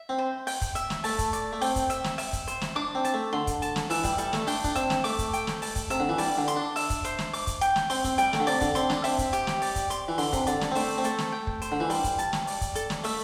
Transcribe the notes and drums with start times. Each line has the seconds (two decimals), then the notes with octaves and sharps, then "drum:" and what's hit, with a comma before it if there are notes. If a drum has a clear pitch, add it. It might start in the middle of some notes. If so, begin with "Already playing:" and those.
Already playing: E5
0.09 C4
0.18 C5
0.47 G5, drum: open hi-hat
0.62 drum: kick, hi-hat
0.75 E5, drum: hi-hat
0.90 drum: snare
1.04 A3 A5, drum: open hi-hat
1.19 drum: kick, hi-hat
1.33 D5, drum: hi-hat
1.53 A3
1.61 C4 G5, drum: open hi-hat
1.76 drum: kick, hi-hat
1.90 E5, drum: hi-hat
2.04 drum: snare
2.18 E5, drum: open hi-hat
2.33 drum: kick, hi-hat
2.47 C5, drum: hi-hat
2.61 drum: snare
2.76 D4 D6
2.95 C4
3.05 A5, drum: hi-hat
3.14 A3
3.33 D3 C6
3.47 drum: kick, hi-hat
3.62 A5, drum: hi-hat
3.76 drum: snare
3.90 E3 E5, drum: open hi-hat
4.04 G3, drum: kick, hi-hat
4.18 G3 A4, drum: hi-hat
4.33 A3, drum: snare
4.47 D4 G5, drum: open hi-hat
4.64 D4, drum: kick, hi-hat
4.75 C4 E5, drum: hi-hat
4.90 drum: snare
5.04 A3 D6, drum: open hi-hat
5.19 drum: kick, hi-hat
5.33 G5, drum: hi-hat
5.47 drum: snare
5.62 A5, drum: open hi-hat
5.76 drum: kick, hi-hat
5.90 C3 E5, drum: hi-hat
6.00 D3
6.09 E3
6.18 G3 D5, drum: open hi-hat
6.38 D3
6.48 C6, drum: hi-hat
6.56 D4
6.76 E5, drum: open hi-hat
6.90 drum: kick, hi-hat
7.05 C5, drum: hi-hat
7.19 drum: snare
7.33 D6, drum: open hi-hat
7.47 drum: kick, hi-hat
7.61 G5, drum: hi-hat
7.76 drum: snare
7.90 C4 C6, drum: open hi-hat
8.04 C4, drum: kick, hi-hat
8.18 G3 G5, drum: hi-hat
8.33 A3, drum: snare
8.40 D3
8.47 C3 D5, drum: open hi-hat
8.61 D3, drum: kick, hi-hat
8.75 C4 C6, drum: hi-hat
8.90 D4, drum: snare
9.04 C4 E5, drum: open hi-hat
9.18 drum: kick, hi-hat
9.33 G4, drum: hi-hat
9.47 drum: snare
9.62 D5, drum: open hi-hat
9.76 drum: kick, hi-hat
9.90 C6, drum: hi-hat
10.08 E3
10.18 D3 C6, drum: open hi-hat
10.33 C3, drum: kick, hi-hat
10.47 D3 D5, drum: hi-hat
10.61 drum: snare
10.71 C4
10.75 A3 C5, drum: open hi-hat
10.98 C4
11.04 A3 A4, drum: hi-hat
11.18 drum: snare
11.32 G5
11.47 drum: kick
11.62 C5, drum: hi-hat
11.72 D3
11.80 E3
11.90 G3 C6, drum: open hi-hat
12.04 drum: kick, hi-hat
12.19 A5, drum: hi-hat
12.33 drum: snare
12.47 D5, drum: open hi-hat
12.61 drum: kick, hi-hat
12.75 A4, drum: hi-hat
12.90 drum: snare
13.04 A3 E5, drum: open hi-hat